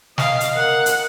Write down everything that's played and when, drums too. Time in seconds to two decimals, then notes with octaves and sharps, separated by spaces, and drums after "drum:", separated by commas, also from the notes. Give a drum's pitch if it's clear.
0.18 D#5 F5, drum: snare
0.40 drum: hi-hat
0.55 A#4 F#5
0.86 drum: hi-hat